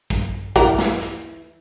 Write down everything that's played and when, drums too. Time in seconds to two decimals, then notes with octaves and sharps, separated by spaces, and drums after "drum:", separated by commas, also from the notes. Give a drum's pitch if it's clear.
0.10 drum: kick, hi-hat
0.56 E3 A#4 A#5, drum: kick, hi-hat
0.78 drum: snare
1.01 drum: hi-hat